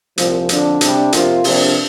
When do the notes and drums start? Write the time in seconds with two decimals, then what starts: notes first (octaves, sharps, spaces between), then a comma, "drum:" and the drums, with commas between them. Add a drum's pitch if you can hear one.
0.18 C2 A#2 F3, drum: hi-hat
0.49 F2 D3 F3 D4, drum: hi-hat
0.81 C3 G3 D4, drum: hi-hat
1.12 F2 C3 A#3 F4, drum: hi-hat
1.44 C3 F3 A#3 D4, drum: open hi-hat